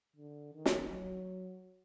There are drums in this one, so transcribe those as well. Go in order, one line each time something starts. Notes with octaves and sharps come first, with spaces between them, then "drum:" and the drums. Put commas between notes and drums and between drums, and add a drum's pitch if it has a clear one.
D3
D#3
drum: snare
F#3